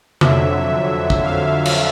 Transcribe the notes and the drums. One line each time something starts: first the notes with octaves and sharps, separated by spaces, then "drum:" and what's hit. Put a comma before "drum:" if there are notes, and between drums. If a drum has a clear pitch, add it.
F2 D3 F#3 E5, drum: tom C3
drum: kick
F5
drum: cymbal